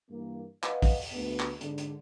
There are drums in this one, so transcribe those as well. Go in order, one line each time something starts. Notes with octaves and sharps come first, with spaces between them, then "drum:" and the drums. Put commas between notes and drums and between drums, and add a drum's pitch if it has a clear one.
G2 E3 A#3
B4 D#5 F5 F#5, drum: clap
drum: kick, open hi-hat
drum: open hi-hat
D2 B3
drum: clap
G#2 D3, drum: hi-hat
drum: hi-hat